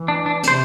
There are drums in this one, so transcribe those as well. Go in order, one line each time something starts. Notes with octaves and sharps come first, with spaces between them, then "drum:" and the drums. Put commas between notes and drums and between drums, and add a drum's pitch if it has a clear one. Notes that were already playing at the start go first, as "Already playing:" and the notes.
Already playing: E3
D4
D4
C3 C5, drum: hi-hat